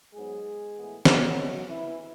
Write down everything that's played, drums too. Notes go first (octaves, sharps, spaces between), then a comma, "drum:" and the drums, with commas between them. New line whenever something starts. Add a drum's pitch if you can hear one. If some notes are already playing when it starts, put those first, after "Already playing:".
G#2 F#3 G#3 B3 G#4
A2 E3 B3
F#3 F#4, drum: snare
F#2 C#3 G#3 B3
E3 E4